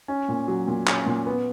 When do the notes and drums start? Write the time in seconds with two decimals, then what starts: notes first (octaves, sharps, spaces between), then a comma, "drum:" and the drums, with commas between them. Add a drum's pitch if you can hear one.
0.08 C#4
0.29 A#2
0.48 F#3
0.67 A#2
0.88 C#4, drum: clap
1.06 A#2
1.26 B3